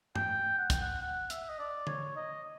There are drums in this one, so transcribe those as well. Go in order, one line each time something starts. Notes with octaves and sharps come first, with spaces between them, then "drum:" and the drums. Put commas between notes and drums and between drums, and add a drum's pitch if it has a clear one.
G5, drum: tom G2
F#5
G5, drum: kick, hi-hat
F#5
F#5
E5, drum: hi-hat
D#5
D5
C#5, drum: tom D3
D#5